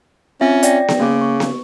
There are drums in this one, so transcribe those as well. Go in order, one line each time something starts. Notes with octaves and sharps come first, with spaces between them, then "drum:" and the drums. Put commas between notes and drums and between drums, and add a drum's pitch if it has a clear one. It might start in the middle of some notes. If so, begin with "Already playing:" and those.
C4 C#4 F4 E5
D5 G5 A#6, drum: hi-hat
drum: snare B3
C#3 A#3 D6
C#6
drum: snare B3